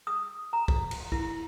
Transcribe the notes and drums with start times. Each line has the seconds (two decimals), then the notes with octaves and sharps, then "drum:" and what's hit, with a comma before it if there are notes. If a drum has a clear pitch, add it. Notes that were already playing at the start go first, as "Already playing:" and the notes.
0.07 D#6
0.53 A#5
0.68 drum: kick B1
0.91 drum: cymbal
1.12 E4, drum: kick B1